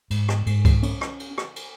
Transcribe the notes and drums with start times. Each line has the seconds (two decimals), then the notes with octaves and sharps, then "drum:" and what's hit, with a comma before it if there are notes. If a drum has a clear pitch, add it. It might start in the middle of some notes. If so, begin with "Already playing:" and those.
0.10 G#2, drum: cymbal
0.29 drum: rim click
0.46 G#2, drum: cymbal
0.65 drum: kick C2, cymbal
0.83 C#4, drum: cymbal
1.01 drum: rim click
1.20 drum: cymbal
1.38 drum: rim click
1.56 drum: cymbal